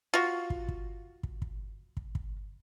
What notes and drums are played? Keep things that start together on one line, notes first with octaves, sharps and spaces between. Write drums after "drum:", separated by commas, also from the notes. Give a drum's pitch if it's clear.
F4 F#4
drum: kick
drum: kick
drum: kick
drum: kick
drum: kick
drum: kick